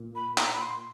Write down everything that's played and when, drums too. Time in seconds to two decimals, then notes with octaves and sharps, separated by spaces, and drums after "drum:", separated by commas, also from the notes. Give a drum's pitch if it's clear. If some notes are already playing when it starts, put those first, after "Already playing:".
Already playing: A#2
0.16 B5
0.38 A#5, drum: clap
0.53 B5
0.61 C6